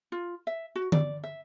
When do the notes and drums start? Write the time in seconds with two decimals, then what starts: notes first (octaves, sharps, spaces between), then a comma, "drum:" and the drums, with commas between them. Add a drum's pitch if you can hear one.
0.12 F4
0.47 E5
0.76 F#4
0.92 D5, drum: tom D3
1.24 E5